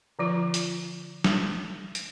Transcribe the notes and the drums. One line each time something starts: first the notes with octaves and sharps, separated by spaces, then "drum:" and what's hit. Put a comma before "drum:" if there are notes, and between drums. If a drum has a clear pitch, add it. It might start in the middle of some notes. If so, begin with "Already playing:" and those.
D3 F3 F4
drum: hi-hat
drum: snare
drum: hi-hat